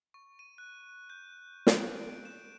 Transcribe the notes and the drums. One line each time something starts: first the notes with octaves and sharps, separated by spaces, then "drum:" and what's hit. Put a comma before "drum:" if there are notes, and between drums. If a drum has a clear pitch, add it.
C#6
D#7
F#6
G6
D7, drum: snare
E7